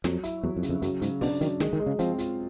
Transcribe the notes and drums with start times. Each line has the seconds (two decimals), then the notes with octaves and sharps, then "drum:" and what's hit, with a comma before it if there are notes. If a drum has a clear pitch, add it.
0.04 F2 F#3, drum: snare
0.24 E4, drum: hi-hat
0.44 E2 F#3
0.57 F2
0.63 C#3, drum: hi-hat
0.69 F2
0.82 F#2 F#3, drum: hi-hat
1.02 G#2 C#3, drum: hi-hat
1.21 B2 D4, drum: open hi-hat
1.41 D#3 F#3, drum: hi-hat
1.60 D#3 G#3, drum: snare
1.73 D#3
1.80 G#3
1.86 C#3
1.99 F3 C4, drum: hi-hat
2.18 F4, drum: hi-hat